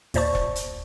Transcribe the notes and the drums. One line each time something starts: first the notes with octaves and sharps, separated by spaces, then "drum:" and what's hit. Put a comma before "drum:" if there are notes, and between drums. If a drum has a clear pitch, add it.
D#2 A#2 C5 D5 A5 C#6, drum: open hi-hat
drum: kick E1
drum: hi-hat